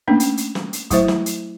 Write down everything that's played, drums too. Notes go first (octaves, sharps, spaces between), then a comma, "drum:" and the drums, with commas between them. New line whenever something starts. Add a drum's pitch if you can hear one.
A3 A#3 C#4 D4
drum: hi-hat
drum: hi-hat
drum: snare
drum: hi-hat
F#3 A3 E4 C5 E5, drum: kick F#1, hi-hat
drum: snare
drum: hi-hat